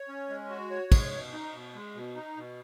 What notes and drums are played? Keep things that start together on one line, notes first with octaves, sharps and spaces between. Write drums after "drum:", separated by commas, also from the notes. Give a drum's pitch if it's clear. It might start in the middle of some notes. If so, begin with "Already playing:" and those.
Already playing: C#5
C#4
G#3
F#4
C#5
G#3, drum: kick, cymbal
B2
D#4
B2
G#3
B2
D#4
B2